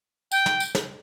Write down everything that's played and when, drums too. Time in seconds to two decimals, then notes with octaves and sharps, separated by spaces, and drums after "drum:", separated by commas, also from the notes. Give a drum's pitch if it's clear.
0.32 G5, drum: tambourine
0.46 drum: snare
0.60 drum: tambourine
0.75 drum: snare